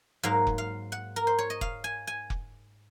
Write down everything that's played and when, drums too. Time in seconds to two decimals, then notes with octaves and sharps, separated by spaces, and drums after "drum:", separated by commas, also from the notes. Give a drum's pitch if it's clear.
0.23 G#2 F#3 A#3 F5
0.47 drum: kick F1
0.58 F5
0.92 F#5
1.16 A#4
1.27 C5
1.39 C#5
1.50 D#5
1.61 F5, drum: kick F1
1.84 G#5
2.07 G#5
2.30 drum: kick F1